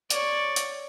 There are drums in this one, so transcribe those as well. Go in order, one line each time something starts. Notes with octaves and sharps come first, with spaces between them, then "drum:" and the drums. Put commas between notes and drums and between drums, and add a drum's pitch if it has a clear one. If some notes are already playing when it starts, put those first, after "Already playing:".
C#5 D5, drum: hi-hat
drum: hi-hat